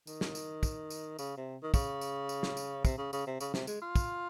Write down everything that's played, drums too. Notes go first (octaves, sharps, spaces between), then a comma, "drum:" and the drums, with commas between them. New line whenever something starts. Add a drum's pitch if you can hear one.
D#3, drum: tambourine
drum: snare
drum: tambourine
drum: kick, tambourine
drum: tambourine
C#3, drum: tambourine
C3
D#3
C#3, drum: kick, tambourine
drum: tambourine
drum: tambourine
drum: snare
drum: tambourine
C3, drum: kick, tambourine
C#3
C#3, drum: tambourine
C3
C#3, drum: tambourine
C3, drum: snare
G#3, drum: tambourine
F4
drum: kick, tambourine